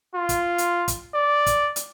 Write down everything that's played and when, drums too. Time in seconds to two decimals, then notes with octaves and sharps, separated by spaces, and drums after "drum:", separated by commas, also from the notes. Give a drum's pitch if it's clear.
0.14 F4
0.29 drum: kick, hi-hat
0.58 drum: hi-hat
0.88 drum: kick, hi-hat
1.14 D5
1.46 drum: kick, hi-hat
1.76 drum: hi-hat